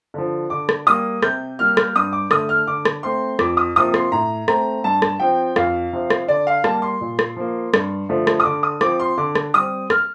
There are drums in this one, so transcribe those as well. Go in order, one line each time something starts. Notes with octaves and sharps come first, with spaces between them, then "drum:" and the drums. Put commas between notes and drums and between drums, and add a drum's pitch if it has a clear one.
D3 F3
D3 D6
drum: rim click
G3 A#3 D#6
C3 G6, drum: rim click
G3 A#3 F6
drum: rim click
G2 D#6
D6
D3 A3 D#6, drum: rim click
F6
D3 D6
drum: rim click
A3 C4 C6
F2 D6, drum: rim click
D#6
C3 F3 A#3 D#6
C6, drum: rim click
A2 A#5
A3 C4 A#5, drum: rim click
G2 A5
drum: rim click
F3 C4 G5
F2 F5, drum: rim click
C3 F3 C4
drum: rim click
D3 D5
F5
G3 A#3 A5, drum: rim click
C6
A#2
drum: rim click
F3 A#3
G2, drum: rim click
D3 F3 A3
drum: rim click
D#6
D3 D6
D#6
F3 C4 D6, drum: rim click
C6
D3 D6
drum: rim click
G3 C4 D#6
F6, drum: rim click